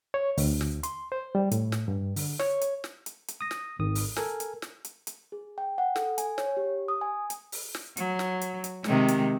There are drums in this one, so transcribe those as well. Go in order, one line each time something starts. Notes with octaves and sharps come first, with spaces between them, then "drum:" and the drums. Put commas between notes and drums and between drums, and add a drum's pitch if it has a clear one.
C#5
D2, drum: open hi-hat
drum: snare
C6, drum: hi-hat
C5
G3
A2, drum: hi-hat
drum: snare
G2
D3, drum: open hi-hat
C#5, drum: snare
drum: hi-hat
drum: snare
drum: hi-hat
drum: hi-hat
D#6 A#6
drum: snare
G#1 D#3 D#6
drum: open hi-hat
A4 A#4 G#5, drum: snare
drum: hi-hat
drum: snare
drum: hi-hat
drum: hi-hat
G#4
G5
F#5
A4, drum: snare
G#5, drum: hi-hat
C#5, drum: snare
G4
D#6
G#5
drum: hi-hat
drum: open hi-hat
drum: snare
F#3, drum: hi-hat
drum: snare
drum: hi-hat
drum: hi-hat
C3 D#3 G#3, drum: snare
drum: hi-hat